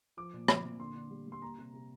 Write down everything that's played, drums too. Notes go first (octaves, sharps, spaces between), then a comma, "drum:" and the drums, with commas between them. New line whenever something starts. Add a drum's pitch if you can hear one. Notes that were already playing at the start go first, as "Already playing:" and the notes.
F3 D6
A#2
C4, drum: rim click
A#2
D3 C6
D3
G3
G3 C6
A#3 A#5
C3
C3